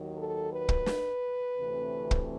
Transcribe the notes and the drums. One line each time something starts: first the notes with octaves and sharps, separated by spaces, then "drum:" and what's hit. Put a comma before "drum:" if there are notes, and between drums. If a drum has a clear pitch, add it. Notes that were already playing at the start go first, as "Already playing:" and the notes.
Already playing: D#2 D#3 F#3
A4
B4
drum: kick
drum: snare
D2 C3 E3 A3 C4
drum: kick